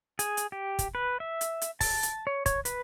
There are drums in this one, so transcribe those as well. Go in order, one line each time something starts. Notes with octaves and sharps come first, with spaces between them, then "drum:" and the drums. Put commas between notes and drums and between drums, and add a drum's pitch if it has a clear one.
G#4, drum: hi-hat
drum: hi-hat
G4
drum: kick, hi-hat
B4
E5
drum: hi-hat
drum: hi-hat
A5, drum: kick, open hi-hat
drum: hi-hat
C#5
C#5, drum: kick, hi-hat
B4, drum: hi-hat